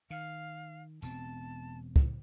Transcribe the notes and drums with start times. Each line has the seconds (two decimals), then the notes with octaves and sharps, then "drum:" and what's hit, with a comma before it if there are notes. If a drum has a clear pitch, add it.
0.10 D#3 F5
1.02 E1 B2 C4 A5, drum: tambourine
1.96 drum: kick